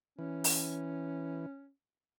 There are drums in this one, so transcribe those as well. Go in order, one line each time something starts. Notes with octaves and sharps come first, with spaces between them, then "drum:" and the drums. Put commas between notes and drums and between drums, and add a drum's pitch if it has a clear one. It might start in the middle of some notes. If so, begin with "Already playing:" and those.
E3 C#4
drum: open hi-hat